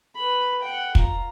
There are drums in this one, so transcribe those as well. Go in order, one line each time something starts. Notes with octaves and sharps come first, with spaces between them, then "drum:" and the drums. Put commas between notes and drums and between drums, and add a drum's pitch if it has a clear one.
B4 B5
F#5 G5
F4 A#5, drum: kick